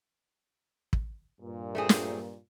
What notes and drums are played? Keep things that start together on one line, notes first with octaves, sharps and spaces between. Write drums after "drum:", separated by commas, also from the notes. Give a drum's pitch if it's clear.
drum: kick
G2 A#2
A3 C4 G#4
drum: snare